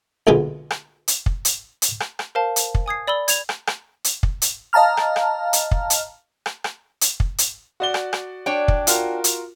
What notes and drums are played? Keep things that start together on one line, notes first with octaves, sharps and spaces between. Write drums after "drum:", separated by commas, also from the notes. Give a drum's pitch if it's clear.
B1 A#2 D3 G#3 B3
drum: rim click
drum: hi-hat
drum: kick
drum: hi-hat
drum: hi-hat
drum: rim click
drum: rim click
A#4 C5 F5 A5
drum: hi-hat
drum: kick
G#5 D#6 G#6 C7
D5 B5 E6 G7
G#6 F7, drum: hi-hat
drum: rim click
drum: rim click
drum: hi-hat
drum: kick
drum: hi-hat
D#5 F5 A5 A#5 F6
drum: rim click
drum: rim click
drum: hi-hat
drum: kick
drum: hi-hat
drum: rim click
drum: rim click
drum: hi-hat
drum: kick
drum: hi-hat
F#4 D5 G7
drum: rim click
drum: rim click
D4 C#5 G5
drum: kick
F4 F#4 A#4, drum: hi-hat
drum: hi-hat